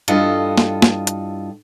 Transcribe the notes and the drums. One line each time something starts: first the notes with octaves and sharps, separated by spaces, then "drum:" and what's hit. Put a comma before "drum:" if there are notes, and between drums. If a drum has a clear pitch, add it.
G2 E3 F4 A4 D#5, drum: hi-hat
drum: snare
drum: snare
drum: hi-hat